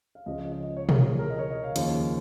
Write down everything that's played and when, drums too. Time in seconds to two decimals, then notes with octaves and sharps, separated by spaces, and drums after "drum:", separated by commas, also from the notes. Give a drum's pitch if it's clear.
0.15 F5
0.26 C#2 C#3 F3 D#5
0.39 D#5
0.51 D#5
0.63 D#5
0.77 C#5
0.89 A#4, drum: tom
1.00 G#4
1.19 A#4
1.30 D#5
1.39 C#5
1.50 D#5
1.64 F5
1.76 D#2 C#3 F3, drum: hi-hat